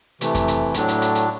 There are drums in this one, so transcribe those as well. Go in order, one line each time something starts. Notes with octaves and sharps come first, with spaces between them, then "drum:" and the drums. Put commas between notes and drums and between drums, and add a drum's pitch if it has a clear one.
C3 E3 A3, drum: hi-hat
drum: kick F2, hi-hat
drum: hi-hat
A2 F#3 A3 D4, drum: hi-hat
drum: hi-hat
drum: hi-hat
drum: hi-hat